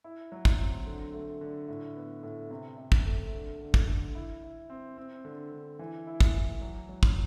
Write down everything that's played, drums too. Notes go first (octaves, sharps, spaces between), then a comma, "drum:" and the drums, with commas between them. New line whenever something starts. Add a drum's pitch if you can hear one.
E4
F#3
drum: kick
C4
D3
A3
D3
A2
B3
A2
C3
C3
drum: kick
A3
D3
D3
drum: kick
D3
E4
E4
C4
C4
D3
D3
E3
E4
drum: kick
E3
F#3
F#3
drum: kick